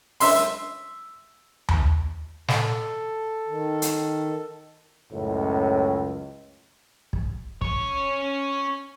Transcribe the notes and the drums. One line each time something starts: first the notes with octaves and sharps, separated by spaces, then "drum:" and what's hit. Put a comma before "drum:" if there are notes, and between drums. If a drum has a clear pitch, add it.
E5 C6, drum: open hi-hat
drum: tom D#2
A4, drum: snare
D#3
drum: hi-hat
C#2 F#2 A2
drum: kick
C#4 C#5, drum: kick